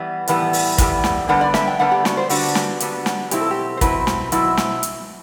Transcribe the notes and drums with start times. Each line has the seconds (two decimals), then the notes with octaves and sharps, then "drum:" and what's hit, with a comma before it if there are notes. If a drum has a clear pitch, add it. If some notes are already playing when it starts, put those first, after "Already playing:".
Already playing: E3 G3 B3
0.27 A2 E3 G3 B3, drum: hi-hat
0.53 drum: open hi-hat
0.78 A2 E3 G3 B3, drum: kick, hi-hat
1.04 drum: snare
1.28 D3 G3 B3 D4 F#5
1.41 D5
1.54 E5, drum: snare
1.67 G5
1.79 D3 G3 B3 D4 F#5
1.92 G4
2.05 F#4, drum: snare
2.17 C5
2.29 D3 G3 B3 D4 F#4, drum: open hi-hat
2.55 drum: snare
2.80 D3 G3 B3 D4, drum: hi-hat
3.06 drum: snare
3.31 B2 F#3 C4 E4 G4, drum: hi-hat
3.41 A4
3.51 G4
3.77 C5
3.81 B2 F#3 C4 E4 B4, drum: kick, hi-hat
4.07 drum: snare
4.32 B2 F#3 C4 E4, drum: hi-hat
4.57 drum: snare
4.83 drum: hi-hat